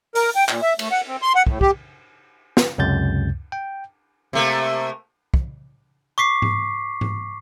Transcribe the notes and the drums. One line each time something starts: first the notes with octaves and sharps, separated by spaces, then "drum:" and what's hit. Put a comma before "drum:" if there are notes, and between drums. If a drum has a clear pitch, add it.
A#4, drum: open hi-hat
G5
A#2, drum: clap
E5
A3, drum: cymbal
F#5
C4
C6
F#5
A2, drum: kick
G4, drum: kick
drum: snare
C#2 F#2 C3 G6 A6
G5
C3 A3 A#3
drum: kick
C#6 D6 B6 C7
drum: tom G#2
drum: tom G#2